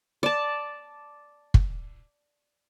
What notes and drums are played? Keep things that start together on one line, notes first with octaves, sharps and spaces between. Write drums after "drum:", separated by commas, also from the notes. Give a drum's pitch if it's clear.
D5 A5
drum: kick